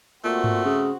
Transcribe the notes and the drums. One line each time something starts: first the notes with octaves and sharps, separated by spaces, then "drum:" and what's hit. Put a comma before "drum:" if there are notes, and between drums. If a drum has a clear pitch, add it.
A#2 A3 C4 F#4
drum: tom G#2
C#3